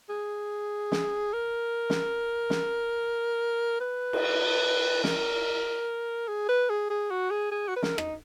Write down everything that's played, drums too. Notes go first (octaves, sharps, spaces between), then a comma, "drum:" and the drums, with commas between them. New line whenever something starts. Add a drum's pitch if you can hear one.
G#4
drum: snare
A#4
drum: snare
drum: snare
B4
drum: cymbal
A#4, drum: snare
G#4
B4
G#4
G#4
F#4
G#4
G#4
F#4
B4
A#4, drum: snare
D#4, drum: rim click